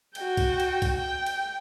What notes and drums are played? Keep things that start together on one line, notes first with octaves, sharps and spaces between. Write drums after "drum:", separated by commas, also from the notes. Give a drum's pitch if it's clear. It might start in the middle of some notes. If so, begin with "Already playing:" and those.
F#4 G5, drum: cymbal
drum: kick C2, cymbal
drum: cymbal
drum: kick C2, cymbal
G5
drum: cymbal